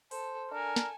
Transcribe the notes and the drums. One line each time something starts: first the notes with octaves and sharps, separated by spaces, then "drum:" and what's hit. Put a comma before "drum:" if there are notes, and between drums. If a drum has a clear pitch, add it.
A4 C5, drum: open hi-hat
D4 A4 A#4 G#5
drum: snare